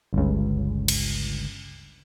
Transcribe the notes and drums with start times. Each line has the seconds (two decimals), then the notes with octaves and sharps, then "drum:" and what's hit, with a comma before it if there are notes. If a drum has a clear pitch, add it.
0.13 G1 C#2
0.88 drum: cymbal